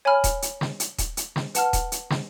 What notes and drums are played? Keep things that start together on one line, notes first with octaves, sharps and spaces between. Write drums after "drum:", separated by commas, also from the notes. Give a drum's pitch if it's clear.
C#5 G#5 B5 F6
drum: kick D#1, hi-hat
drum: hi-hat
drum: snare
drum: hi-hat
drum: kick D#1, hi-hat
drum: hi-hat
drum: snare
B4 F#5 A5 F6, drum: hi-hat
drum: kick D#1, hi-hat
drum: hi-hat
drum: snare